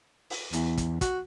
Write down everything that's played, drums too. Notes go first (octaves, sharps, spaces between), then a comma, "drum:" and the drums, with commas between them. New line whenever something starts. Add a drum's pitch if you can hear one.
drum: open hi-hat
E2, drum: hi-hat
drum: kick, hi-hat
F#4, drum: kick, hi-hat